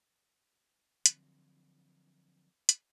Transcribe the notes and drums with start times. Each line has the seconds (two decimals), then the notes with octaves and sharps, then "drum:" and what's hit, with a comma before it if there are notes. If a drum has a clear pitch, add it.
1.06 D3 F3 F#3 C4, drum: hi-hat
2.69 drum: hi-hat